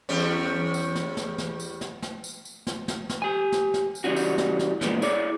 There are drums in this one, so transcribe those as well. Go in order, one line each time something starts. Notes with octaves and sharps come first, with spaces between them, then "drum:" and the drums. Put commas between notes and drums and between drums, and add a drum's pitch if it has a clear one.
E2 G3 C#4
drum: tambourine
drum: snare
drum: snare
drum: snare
drum: tambourine
drum: snare
drum: snare
drum: tambourine
drum: tambourine
drum: snare
drum: snare
drum: snare
G4 G#5
drum: snare
drum: snare
drum: tambourine
C#3 E3 G3 C#4 F#4
drum: tambourine
drum: snare
drum: snare
A#2 E3 F3 G#3 B3, drum: snare
E4 G#4 C#5 D5, drum: tambourine